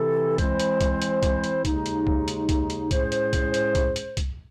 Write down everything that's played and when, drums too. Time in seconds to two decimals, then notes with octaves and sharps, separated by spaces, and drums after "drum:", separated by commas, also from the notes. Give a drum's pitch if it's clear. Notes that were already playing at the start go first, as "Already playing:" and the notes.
Already playing: C3 E3 C4 E4 A4
0.38 E3 G#3 C4 E4 C5, drum: kick, hi-hat
0.60 drum: hi-hat
0.81 drum: kick, hi-hat
1.02 drum: hi-hat
1.23 drum: kick, hi-hat
1.44 drum: hi-hat
1.65 D#2 C#3 G#3 D#4, drum: kick, hi-hat
1.86 drum: hi-hat
2.07 drum: kick
2.28 drum: hi-hat
2.49 drum: kick, hi-hat
2.70 drum: hi-hat
2.91 A2 G#3 C#4 G#4 C5, drum: kick, hi-hat
3.12 drum: hi-hat
3.33 drum: kick, hi-hat
3.54 drum: hi-hat
3.75 drum: kick, hi-hat
3.96 drum: hi-hat
4.17 drum: kick, hi-hat